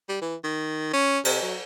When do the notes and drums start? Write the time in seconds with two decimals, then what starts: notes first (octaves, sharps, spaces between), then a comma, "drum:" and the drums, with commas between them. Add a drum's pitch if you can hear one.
0.09 G3
0.21 E3
0.44 D#3
0.93 C#4
1.25 C3, drum: cymbal
1.42 F#3